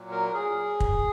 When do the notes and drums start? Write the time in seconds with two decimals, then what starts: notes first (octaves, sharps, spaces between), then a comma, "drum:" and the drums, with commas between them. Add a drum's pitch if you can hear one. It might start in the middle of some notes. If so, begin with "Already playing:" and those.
Already playing: A#2 F#3
0.12 A#4
0.34 G#4
0.80 drum: kick